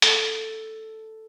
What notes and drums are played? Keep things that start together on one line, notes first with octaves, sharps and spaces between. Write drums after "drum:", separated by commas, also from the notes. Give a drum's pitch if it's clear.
A4, drum: hi-hat